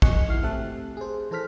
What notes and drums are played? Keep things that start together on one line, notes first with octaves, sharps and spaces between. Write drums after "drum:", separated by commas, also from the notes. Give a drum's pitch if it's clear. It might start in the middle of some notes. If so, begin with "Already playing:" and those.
F3 D#5 G#5 C#6 F#6 C#7, drum: kick
G#1 E4 F#4 F6 C7
A3 C4 G4 E5 A5 F#6
G#4 C5
E3 A4 C5 F6 B6